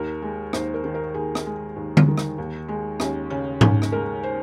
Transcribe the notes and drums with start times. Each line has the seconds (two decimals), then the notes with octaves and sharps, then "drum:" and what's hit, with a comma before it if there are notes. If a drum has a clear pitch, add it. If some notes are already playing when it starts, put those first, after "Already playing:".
Already playing: D#2 A#4
0.22 G#3
0.53 D#2 C5, drum: rim click
0.74 A#4
0.84 D#3
0.94 A#4
1.14 D#2 G#4
1.35 drum: rim click
1.46 G#3
1.76 D#2
1.97 drum: tom D3
2.08 D#3
2.18 drum: rim click
2.38 D#2
2.68 G#3
3.00 D#2 C#4, drum: rim click
3.30 C#3 C#4
3.61 D#2 C#4, drum: tom G#2
3.82 drum: rim click
3.92 G#3 A#4
4.23 C5